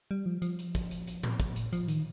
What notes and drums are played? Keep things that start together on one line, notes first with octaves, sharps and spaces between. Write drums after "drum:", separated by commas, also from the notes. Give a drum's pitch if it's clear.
G3
F3
F3, drum: hi-hat
drum: hi-hat
drum: kick, hi-hat
drum: hi-hat
drum: hi-hat
drum: tom A2
drum: kick, hi-hat
drum: hi-hat
F3, drum: hi-hat
D#3, drum: hi-hat